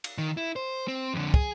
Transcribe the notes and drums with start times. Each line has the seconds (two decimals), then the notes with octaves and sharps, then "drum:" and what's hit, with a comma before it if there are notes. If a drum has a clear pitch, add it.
0.04 drum: cymbal
0.18 D#3
0.37 E4
0.56 C5
0.88 C4
1.14 F2 D3
1.34 G#4, drum: kick